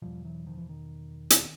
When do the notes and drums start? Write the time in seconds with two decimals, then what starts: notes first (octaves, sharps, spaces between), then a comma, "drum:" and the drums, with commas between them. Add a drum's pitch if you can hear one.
0.02 E2 B2 F3 G3
0.25 E3 F#3
0.46 D#3 F3
0.58 E3
0.69 D#3
1.30 drum: hi-hat